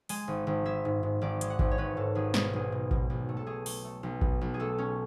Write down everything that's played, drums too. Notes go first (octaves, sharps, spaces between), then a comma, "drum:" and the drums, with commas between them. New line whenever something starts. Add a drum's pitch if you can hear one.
G#3 G#5, drum: open hi-hat
G#1
G#1
G#3 E5
G#2
G#2
G#1 D5
G#3, drum: hi-hat
F#5
G#1, drum: kick A1
C#5
G#1 B4
G#2 A4
G#1 G#4
B2 G#4, drum: snare
B1 G#4
B2
B2, drum: kick A1
B1
A3
A4
A3 G#4
A3, drum: open hi-hat
A3
B1
B2, drum: kick A1
B1
G#4
A3 A4
C#4